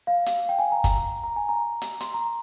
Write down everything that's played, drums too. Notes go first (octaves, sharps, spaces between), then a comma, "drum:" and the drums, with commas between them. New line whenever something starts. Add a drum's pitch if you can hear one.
F5
drum: hi-hat
G5
G#5
A#5
A#5, drum: kick, hi-hat
A#5
G#5
A#5
drum: hi-hat
C6, drum: hi-hat
A#5